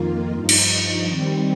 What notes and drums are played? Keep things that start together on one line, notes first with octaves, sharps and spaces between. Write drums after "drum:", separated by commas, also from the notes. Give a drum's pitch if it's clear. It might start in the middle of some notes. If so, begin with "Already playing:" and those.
Already playing: F2 D#3 A#3 F4
G2 F3 D#4
drum: cymbal
D#3 G3 C4